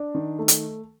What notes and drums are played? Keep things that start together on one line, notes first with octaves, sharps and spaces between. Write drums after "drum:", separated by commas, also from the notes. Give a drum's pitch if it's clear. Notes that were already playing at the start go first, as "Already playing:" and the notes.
Already playing: D4
D#3
A3
drum: hi-hat